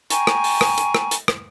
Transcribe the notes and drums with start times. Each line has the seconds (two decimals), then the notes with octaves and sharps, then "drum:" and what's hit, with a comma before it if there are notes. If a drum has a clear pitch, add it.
0.10 G5 G#5 A#5 C#6, drum: hi-hat
0.27 drum: rim click
0.44 drum: open hi-hat
0.61 drum: rim click
0.78 drum: hi-hat
0.95 drum: rim click
1.11 drum: hi-hat
1.28 drum: rim click